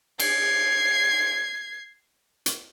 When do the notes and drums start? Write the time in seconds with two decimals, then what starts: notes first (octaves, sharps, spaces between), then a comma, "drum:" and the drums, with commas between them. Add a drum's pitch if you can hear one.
0.20 G#6 C7, drum: cymbal
2.46 drum: hi-hat